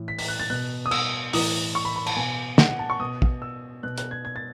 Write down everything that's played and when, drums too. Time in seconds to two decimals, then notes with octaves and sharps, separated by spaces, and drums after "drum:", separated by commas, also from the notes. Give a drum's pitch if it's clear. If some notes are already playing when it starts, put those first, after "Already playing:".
Already playing: A2 E3
0.08 B6
0.19 B6, drum: open hi-hat
0.28 F#6
0.40 A6
0.50 B2 F#6
0.86 D#6
0.91 E6, drum: cymbal
1.33 A2 E3 D#6, drum: open hi-hat
1.75 C#6
1.85 B5
1.96 B5
2.06 A5, drum: cymbal
2.16 B2 G#5
2.58 F#5, drum: snare
2.68 F#5
2.79 A5
2.90 C#6
2.99 B2 D#6
3.22 drum: kick
3.42 E6
3.83 B2 F#6
3.98 F#6, drum: hi-hat
4.11 G#6
4.25 G#6
4.36 A6